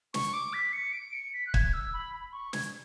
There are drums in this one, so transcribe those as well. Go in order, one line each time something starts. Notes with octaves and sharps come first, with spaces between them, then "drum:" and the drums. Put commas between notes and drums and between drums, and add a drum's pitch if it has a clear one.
C#6, drum: snare
D6
B6
C#7
D7
C#7
B6
F#6
G#6, drum: kick
E6
B5
B5
C#6
G#6, drum: snare